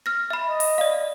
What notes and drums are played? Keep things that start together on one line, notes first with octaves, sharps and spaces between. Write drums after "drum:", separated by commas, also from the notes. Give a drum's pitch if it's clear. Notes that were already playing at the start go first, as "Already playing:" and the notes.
F6 A#6
E5 B5
D#5
drum: open hi-hat
D5 F5